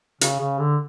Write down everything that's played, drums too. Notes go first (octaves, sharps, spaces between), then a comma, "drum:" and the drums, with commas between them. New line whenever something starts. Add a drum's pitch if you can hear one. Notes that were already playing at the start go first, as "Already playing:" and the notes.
C#3, drum: hi-hat
C#3
D3